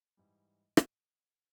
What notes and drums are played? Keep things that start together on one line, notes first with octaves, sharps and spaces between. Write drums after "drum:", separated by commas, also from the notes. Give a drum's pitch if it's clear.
G#2 E3 G3
drum: rim click